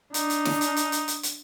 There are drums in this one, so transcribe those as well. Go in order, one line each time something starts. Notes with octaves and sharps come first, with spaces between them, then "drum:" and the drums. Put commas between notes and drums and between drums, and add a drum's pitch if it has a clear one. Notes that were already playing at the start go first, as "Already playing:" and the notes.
D4 D#4, drum: hi-hat
drum: hi-hat
drum: snare
drum: hi-hat
drum: hi-hat
drum: hi-hat
drum: hi-hat
drum: hi-hat